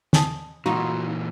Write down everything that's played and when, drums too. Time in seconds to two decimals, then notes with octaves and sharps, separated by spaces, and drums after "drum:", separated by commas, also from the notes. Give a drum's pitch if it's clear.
0.13 G#5 A5 D#6, drum: snare
0.66 A#2 E3 D#4 F4 F#4